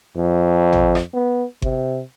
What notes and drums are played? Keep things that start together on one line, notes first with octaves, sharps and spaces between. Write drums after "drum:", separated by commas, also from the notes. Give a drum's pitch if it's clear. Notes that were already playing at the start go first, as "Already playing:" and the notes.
F2
drum: tom
drum: rim click
B3
C3, drum: kick G1